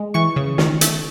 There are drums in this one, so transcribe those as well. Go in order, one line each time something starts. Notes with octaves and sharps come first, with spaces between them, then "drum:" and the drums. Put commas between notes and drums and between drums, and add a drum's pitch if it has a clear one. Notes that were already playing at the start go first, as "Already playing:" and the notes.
Already playing: G#3
E3 C#6
C#3
D#3, drum: snare
A3, drum: hi-hat